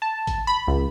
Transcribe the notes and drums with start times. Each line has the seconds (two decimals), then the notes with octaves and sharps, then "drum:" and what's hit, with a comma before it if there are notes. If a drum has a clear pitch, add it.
0.02 A5
0.27 drum: kick G#1, hi-hat
0.47 B5
0.67 C#2